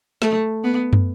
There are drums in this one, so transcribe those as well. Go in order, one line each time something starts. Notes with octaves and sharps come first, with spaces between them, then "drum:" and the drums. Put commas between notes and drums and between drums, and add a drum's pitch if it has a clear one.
A3, drum: snare
B3
drum: tom